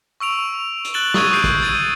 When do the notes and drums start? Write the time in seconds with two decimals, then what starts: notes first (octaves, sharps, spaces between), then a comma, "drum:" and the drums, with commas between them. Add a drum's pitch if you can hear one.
0.20 C#6 E6 D7 F7
0.85 drum: hi-hat
0.94 F#6 A6 D7 E7 F#7 G7
1.14 C#6 D#6 E6 F#6 G#6 D#7, drum: snare
1.30 C#6 D#6 F#6 G6 C7 D7
1.44 drum: kick, hi-hat
1.61 E6 G#6 A6 D#7